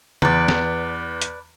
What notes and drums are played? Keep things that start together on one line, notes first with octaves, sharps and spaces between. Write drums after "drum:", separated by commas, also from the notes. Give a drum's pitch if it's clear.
E2 B4 D5, drum: tom C#3
drum: snare
drum: hi-hat